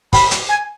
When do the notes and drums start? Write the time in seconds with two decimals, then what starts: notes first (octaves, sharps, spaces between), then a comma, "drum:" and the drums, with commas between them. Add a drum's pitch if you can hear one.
0.13 B5, drum: kick, open hi-hat
0.31 drum: hi-hat
0.49 G#5